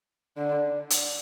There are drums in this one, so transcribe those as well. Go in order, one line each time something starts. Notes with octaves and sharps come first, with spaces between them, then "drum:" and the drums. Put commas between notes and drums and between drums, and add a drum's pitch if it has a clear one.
D3
drum: hi-hat